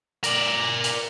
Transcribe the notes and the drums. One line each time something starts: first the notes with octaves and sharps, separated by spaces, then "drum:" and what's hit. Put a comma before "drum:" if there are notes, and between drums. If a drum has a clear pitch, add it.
A#4 D5, drum: hi-hat
drum: hi-hat